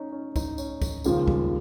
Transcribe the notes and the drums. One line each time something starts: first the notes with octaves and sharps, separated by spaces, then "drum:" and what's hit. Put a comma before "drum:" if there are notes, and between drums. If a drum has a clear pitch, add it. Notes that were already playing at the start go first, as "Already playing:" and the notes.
Already playing: C#4 D#4
C#4
D#4, drum: kick, tambourine
C#4, drum: tambourine
drum: kick, tambourine
D#2 C#3 F3 G#3, drum: tambourine
G3, drum: kick